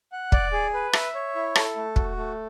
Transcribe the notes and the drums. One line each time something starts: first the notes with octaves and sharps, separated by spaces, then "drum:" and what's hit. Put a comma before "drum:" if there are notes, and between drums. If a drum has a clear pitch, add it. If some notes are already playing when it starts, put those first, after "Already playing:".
F#5
D5, drum: kick
G#4
B4
E5, drum: rim click
C#5
E4
A4, drum: rim click
A3
F#4, drum: kick
A3